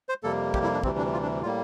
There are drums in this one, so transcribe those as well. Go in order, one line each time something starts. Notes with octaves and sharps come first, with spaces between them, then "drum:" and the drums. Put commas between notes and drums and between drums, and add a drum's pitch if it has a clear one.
C5
F2 C3 G3 A#3 A4
G4, drum: kick
E4
D4
D2 C3 E3 G3 C4, drum: kick
D4
F4
D4
A2 G3 A#3 F4